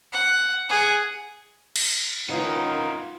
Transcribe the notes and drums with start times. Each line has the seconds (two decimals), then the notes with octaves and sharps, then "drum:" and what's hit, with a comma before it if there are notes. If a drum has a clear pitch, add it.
0.13 F#5
0.69 G#4 F#5
1.76 drum: cymbal
2.29 F#2 D#3 B3 D#4 F4 B4 F5 F#5